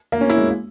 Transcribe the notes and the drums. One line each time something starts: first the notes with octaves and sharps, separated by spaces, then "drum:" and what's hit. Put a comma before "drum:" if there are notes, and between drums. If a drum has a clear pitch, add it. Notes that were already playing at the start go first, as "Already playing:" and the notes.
A#3
C#4
E4, drum: hi-hat
G#3